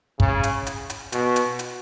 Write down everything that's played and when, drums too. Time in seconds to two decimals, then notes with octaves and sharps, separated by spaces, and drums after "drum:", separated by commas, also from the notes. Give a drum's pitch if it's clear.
0.20 C#3, drum: kick
0.43 drum: hi-hat
0.66 drum: hi-hat
0.90 drum: hi-hat
1.12 B2, drum: hi-hat
1.36 drum: hi-hat
1.59 drum: hi-hat